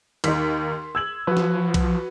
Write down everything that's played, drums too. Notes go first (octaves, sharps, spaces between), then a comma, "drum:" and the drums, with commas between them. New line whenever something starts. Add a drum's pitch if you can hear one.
D#2 D#4 C6 B6, drum: cymbal
E6 G#6 F#7
F3 F#4 B4
drum: snare
drum: kick B1, cymbal